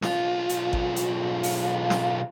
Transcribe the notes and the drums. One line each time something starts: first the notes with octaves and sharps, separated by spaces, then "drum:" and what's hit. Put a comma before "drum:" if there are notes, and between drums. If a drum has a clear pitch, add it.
B1 F4, drum: snare
drum: hi-hat
drum: kick G#1
drum: hi-hat
drum: open hi-hat
drum: snare